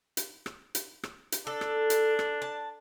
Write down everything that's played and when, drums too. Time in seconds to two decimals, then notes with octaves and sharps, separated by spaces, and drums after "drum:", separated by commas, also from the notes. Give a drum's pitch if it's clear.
0.17 drum: hi-hat
0.46 drum: rim click
0.75 drum: hi-hat
1.03 drum: rim click
1.32 drum: hi-hat
1.47 D4 A4
1.61 drum: rim click
1.90 drum: hi-hat
2.19 drum: rim click
2.42 A5